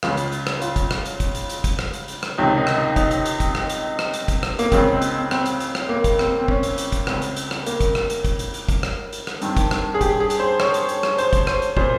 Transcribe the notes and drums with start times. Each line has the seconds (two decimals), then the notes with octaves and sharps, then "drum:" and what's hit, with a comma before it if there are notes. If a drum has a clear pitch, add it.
0.03 C#2 C#3 F4, drum: rim click
0.17 drum: hi-hat
0.32 drum: hi-hat
0.47 drum: rim click
0.62 F4, drum: hi-hat
0.76 drum: kick, hi-hat
0.91 drum: rim click
1.05 drum: hi-hat
1.20 drum: kick, hi-hat
1.35 drum: hi-hat
1.49 drum: hi-hat
1.64 drum: kick, hi-hat
1.79 drum: rim click
1.93 drum: hi-hat
2.08 drum: hi-hat
2.23 drum: rim click
2.38 C#2 C3 D#3 D#4
2.58 D#4
2.67 drum: rim click
2.76 D#4
2.96 D#4, drum: kick, hi-hat
3.11 drum: hi-hat
3.26 drum: hi-hat
3.40 drum: kick, hi-hat
3.55 drum: rim click
3.70 drum: hi-hat
3.99 drum: rim click
4.14 drum: hi-hat
4.28 drum: kick, hi-hat
4.43 drum: rim click
4.59 A#3, drum: hi-hat
4.72 C#2 C#3 C4, drum: kick, hi-hat
4.92 C4
5.02 drum: hi-hat
5.12 C4
5.31 C4, drum: rim click
5.46 drum: hi-hat
5.60 drum: hi-hat
5.75 drum: rim click
5.89 A#3
6.04 drum: kick, hi-hat
6.19 C4, drum: rim click
6.39 C4
6.48 C#4, drum: kick
6.63 drum: hi-hat
6.78 drum: hi-hat
6.92 drum: kick, hi-hat
7.07 C#2 C#3 C4, drum: rim click
7.22 drum: hi-hat
7.36 drum: hi-hat
7.51 drum: rim click
7.66 A#3, drum: hi-hat
7.80 drum: kick, hi-hat
7.95 drum: rim click
8.10 drum: hi-hat
8.24 drum: kick, hi-hat
8.39 drum: hi-hat
8.54 drum: hi-hat
8.69 drum: kick, hi-hat
8.83 drum: rim click
9.13 drum: hi-hat
9.27 drum: rim click
9.42 G2 D#3 C4, drum: hi-hat
9.57 drum: kick, hi-hat
9.71 drum: rim click
9.94 G#4
10.01 G4, drum: kick, hi-hat
10.20 G#4
10.30 drum: hi-hat
10.39 C5
10.60 C#5, drum: rim click
10.74 drum: hi-hat
10.89 drum: hi-hat
11.03 drum: rim click
11.18 C5, drum: hi-hat
11.33 drum: kick, hi-hat
11.47 C5, drum: rim click
11.62 drum: hi-hat
11.77 A#2 C5, drum: kick